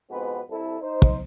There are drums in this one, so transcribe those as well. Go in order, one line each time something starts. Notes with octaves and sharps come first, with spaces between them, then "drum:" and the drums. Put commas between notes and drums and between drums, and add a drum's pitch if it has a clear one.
F2 G#2 B3 C4 F#4 B4
C2 E4 A4
D#4 C5
drum: kick